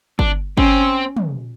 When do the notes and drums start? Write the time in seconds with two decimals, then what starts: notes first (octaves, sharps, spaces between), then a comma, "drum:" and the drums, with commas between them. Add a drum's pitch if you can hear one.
0.19 D4, drum: kick G1
0.57 C4 C#4, drum: kick G1
1.17 drum: tom